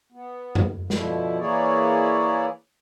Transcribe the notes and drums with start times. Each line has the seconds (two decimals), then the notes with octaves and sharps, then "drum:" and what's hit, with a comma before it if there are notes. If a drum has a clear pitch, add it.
0.12 B3
0.55 drum: tom F2
0.90 B2 D3 F3 E4, drum: snare
1.39 E3 A#3 E4 G#4 C#5 D5